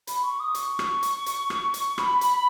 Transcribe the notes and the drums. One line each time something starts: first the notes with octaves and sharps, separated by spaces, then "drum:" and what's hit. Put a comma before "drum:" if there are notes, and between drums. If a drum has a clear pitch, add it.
B5, drum: hi-hat
C#6
D#6
C#6, drum: hi-hat
drum: rim click
drum: hi-hat
drum: hi-hat
drum: rim click
drum: hi-hat
B5, drum: rim click
drum: hi-hat